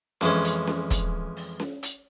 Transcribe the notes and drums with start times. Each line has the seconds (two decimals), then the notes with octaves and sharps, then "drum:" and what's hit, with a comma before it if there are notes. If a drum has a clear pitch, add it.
0.21 F2 E3 G#3 C#4, drum: snare C#4
0.44 drum: hi-hat
0.67 drum: snare C#4
0.90 drum: kick, hi-hat
1.37 drum: open hi-hat
1.60 drum: snare C#4
1.83 drum: hi-hat